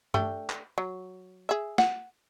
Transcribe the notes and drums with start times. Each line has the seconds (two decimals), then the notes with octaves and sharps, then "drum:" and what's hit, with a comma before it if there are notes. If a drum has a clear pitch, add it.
0.14 A3 D4 G4, drum: tom G2
0.49 drum: clap
0.78 F#3
1.49 G#4 E5
1.78 F#5, drum: snare